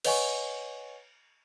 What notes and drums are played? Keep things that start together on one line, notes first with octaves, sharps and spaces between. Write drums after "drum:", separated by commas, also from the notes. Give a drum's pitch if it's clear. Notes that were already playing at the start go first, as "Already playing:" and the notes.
B4 C#5 D#5 F#5 G#5 C#6, drum: cymbal